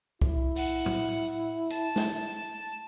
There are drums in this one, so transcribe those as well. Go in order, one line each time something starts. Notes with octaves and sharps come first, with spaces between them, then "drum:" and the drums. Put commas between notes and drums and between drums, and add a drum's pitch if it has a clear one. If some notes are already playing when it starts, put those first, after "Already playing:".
E4, drum: kick C2
F#5, drum: open hi-hat
drum: tom A2
A5, drum: hi-hat
drum: snare